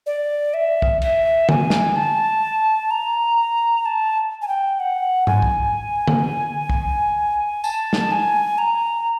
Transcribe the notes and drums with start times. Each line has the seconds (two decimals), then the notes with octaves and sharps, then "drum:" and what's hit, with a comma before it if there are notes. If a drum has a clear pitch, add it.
0.06 D5
0.54 E5
0.82 drum: kick B1
1.02 E5, drum: cymbal
1.49 G#5, drum: tom D3
1.70 drum: snare
1.96 A5
2.91 A#5
3.86 A5
4.42 G#5
4.48 G5
4.80 F#5
5.27 G#5, drum: tom G#2
5.42 drum: kick B1
6.07 drum: tom D3
6.70 drum: kick B1
7.64 A5, drum: tambourine
7.93 drum: snare
8.11 G#5
8.58 A#5